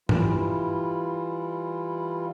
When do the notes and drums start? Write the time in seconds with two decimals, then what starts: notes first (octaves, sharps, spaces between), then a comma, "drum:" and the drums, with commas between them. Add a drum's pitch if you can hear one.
0.09 E3 G3 E4 F4, drum: tom G2